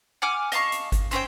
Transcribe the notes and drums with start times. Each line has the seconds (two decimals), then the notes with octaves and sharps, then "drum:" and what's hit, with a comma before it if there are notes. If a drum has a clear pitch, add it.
0.22 F#5 G#5 D6 F6
0.52 D#5 F5 A5 C#6, drum: hi-hat
0.72 drum: hi-hat
0.92 drum: kick G#1, hi-hat
1.11 C4 C#4 C5 G5, drum: hi-hat